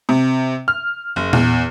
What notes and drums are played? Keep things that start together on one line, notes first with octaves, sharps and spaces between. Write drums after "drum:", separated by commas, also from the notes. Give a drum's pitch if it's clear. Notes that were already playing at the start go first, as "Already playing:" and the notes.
C3
F6
F#1
E2, drum: tom A#2